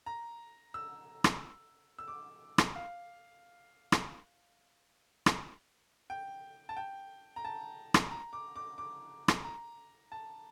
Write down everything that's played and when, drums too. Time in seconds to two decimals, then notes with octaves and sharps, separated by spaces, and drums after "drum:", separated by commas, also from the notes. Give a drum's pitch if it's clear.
0.06 A#5
0.74 E6
1.24 drum: rim click
1.99 E6
2.08 D6
2.58 drum: rim click
2.76 F5
3.92 drum: rim click
5.26 drum: rim click
6.10 G5
6.69 A5
6.77 G5
7.36 A#5
7.45 A5
7.94 drum: rim click
8.11 A#5
8.33 D6
8.56 D6
8.78 D6
9.28 drum: rim click
9.44 A#5
10.12 A5